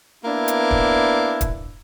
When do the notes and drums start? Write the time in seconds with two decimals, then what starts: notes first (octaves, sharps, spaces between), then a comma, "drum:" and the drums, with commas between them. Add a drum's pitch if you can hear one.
0.25 A#3 B3 D4 E4
0.48 drum: hi-hat
0.71 drum: kick
1.41 drum: kick, hi-hat